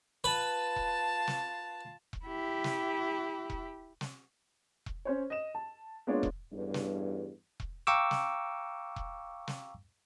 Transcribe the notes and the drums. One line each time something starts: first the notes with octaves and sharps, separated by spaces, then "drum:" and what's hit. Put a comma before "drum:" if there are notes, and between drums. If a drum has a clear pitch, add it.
F4 B4 A5
drum: kick E1
drum: snare
drum: kick E1
E4 G4
drum: snare
drum: kick E1
drum: snare
drum: kick E1
C#4 C5 C#5
D#5 E7
A5
G#3 A#3 B3 D4 F4 C#5
drum: kick E1
A1 E2 G2
drum: snare
drum: kick E1
F5 G5 A#5 C#6 D6 E6
drum: snare
drum: kick E1
drum: snare